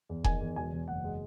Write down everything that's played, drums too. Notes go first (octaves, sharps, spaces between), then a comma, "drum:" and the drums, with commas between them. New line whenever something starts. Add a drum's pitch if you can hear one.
E2
D#3 G#5, drum: kick E1
E2
E1 G#5
E1
F#1 F#5
G#3